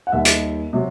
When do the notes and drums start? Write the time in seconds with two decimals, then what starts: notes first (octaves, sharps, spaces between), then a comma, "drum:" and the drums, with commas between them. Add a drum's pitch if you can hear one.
0.07 F#5
0.12 D#2 D#3 G3 E5
0.25 drum: hi-hat
0.73 C3 F#3